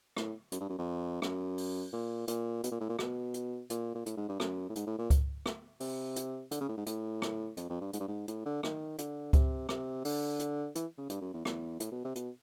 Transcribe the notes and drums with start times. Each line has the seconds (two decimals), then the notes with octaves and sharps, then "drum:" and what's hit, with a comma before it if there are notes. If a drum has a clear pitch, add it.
0.17 A2, drum: rim click
0.52 F#2, drum: hi-hat
0.61 G2
0.69 F#2
0.79 F2
1.22 F#2, drum: rim click
1.58 drum: open hi-hat
1.93 A#2
2.28 A#2, drum: hi-hat
2.64 B2, drum: hi-hat
2.72 A#2
2.80 A2
2.89 A#2
2.99 B2, drum: rim click
3.34 drum: hi-hat
3.70 A#2, drum: hi-hat
3.95 A#2
4.06 A2, drum: hi-hat
4.17 G#2
4.29 G2
4.40 F#2, drum: rim click
4.69 A2
4.75 G#2, drum: hi-hat
4.87 A2
4.98 A#2
5.10 drum: kick C#2, hi-hat
5.46 drum: rim click
5.80 C3, drum: open hi-hat
6.16 drum: hi-hat
6.51 D3, drum: hi-hat
6.61 C#3
6.69 A2
6.78 G#2
6.86 A2, drum: hi-hat
7.22 drum: rim click
7.57 F2, drum: hi-hat
7.70 F2
7.81 G2
7.93 G#2, drum: hi-hat
8.00 G2
8.08 G#2
8.28 A2, drum: hi-hat
8.46 D3
8.63 D#3, drum: rim click
8.98 D3, drum: hi-hat
9.33 C3, drum: kick C#2, hi-hat
9.69 C3, drum: rim click
10.05 D3, drum: open hi-hat
10.39 drum: hi-hat
10.75 E3, drum: hi-hat
10.98 C#3
11.10 G2, drum: hi-hat
11.21 F#2
11.34 E2
11.45 E2, drum: rim click
11.80 A2, drum: hi-hat
11.92 B2
12.05 C3
12.16 B2, drum: hi-hat